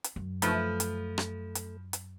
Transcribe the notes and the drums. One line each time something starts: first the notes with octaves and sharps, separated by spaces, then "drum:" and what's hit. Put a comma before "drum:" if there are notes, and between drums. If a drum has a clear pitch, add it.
drum: hi-hat
F#2
F3 A3 B4, drum: hi-hat
drum: hi-hat
drum: rim click
drum: hi-hat
drum: hi-hat